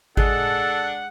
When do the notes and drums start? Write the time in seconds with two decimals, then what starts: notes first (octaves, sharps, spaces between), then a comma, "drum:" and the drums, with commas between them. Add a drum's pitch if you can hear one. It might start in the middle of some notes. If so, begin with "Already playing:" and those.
0.17 G#3 D4 A4 F#5, drum: kick G#1